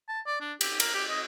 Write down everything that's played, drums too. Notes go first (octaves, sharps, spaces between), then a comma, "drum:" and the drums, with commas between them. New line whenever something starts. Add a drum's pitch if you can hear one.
A5
D5
D4
G4, drum: cymbal
A#4, drum: cymbal
G4
D#5